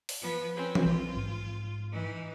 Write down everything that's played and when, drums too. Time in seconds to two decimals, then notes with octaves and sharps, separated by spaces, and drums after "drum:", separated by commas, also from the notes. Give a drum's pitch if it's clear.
0.09 drum: open hi-hat
0.21 F3 B3 B4
0.56 C4 C#4 B4
0.75 drum: tom E3
0.85 A#1 F4
1.16 G#2
1.91 E3 D#4